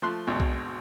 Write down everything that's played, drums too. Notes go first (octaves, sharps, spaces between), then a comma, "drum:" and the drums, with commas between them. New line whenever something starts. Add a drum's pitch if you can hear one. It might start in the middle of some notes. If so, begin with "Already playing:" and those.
F3 A3 C6 F#6
G#1 D2 B2 G#3
drum: kick B1